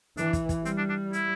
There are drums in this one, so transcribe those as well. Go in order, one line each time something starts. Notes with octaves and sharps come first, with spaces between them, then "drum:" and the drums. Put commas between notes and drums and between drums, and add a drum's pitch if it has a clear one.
E3 D4, drum: hi-hat
drum: kick, hi-hat
drum: kick, hi-hat
G3 C4, drum: hi-hat
D4
D4
E4, drum: hi-hat